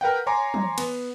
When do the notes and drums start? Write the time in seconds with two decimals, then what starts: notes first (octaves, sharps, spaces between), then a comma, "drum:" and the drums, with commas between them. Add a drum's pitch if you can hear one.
0.01 A#4 B4 F#5 G5
0.27 C#5 G#5 A#5 C6 D6
0.54 drum: tom
0.78 B3, drum: cymbal